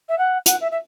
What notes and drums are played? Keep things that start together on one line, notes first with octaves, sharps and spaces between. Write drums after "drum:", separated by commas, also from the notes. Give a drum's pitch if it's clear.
E5
F#5
F#5, drum: hi-hat
E5
E5